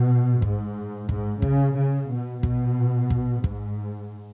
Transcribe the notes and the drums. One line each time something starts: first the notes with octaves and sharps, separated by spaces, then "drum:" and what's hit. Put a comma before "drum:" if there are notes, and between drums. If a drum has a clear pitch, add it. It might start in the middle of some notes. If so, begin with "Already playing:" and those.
Already playing: B2
G#2, drum: kick
G#2, drum: kick
C#3, drum: kick
C#3
B2
B2, drum: kick
drum: kick
G#2, drum: kick